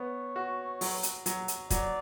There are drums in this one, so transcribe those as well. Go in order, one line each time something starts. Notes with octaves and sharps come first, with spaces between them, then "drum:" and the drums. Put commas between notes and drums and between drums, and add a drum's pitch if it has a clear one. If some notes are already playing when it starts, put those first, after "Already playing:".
Already playing: B3 C#5
F#4
F#3, drum: open hi-hat
drum: hi-hat
F#3, drum: hi-hat
drum: hi-hat
F#3 D5, drum: kick, hi-hat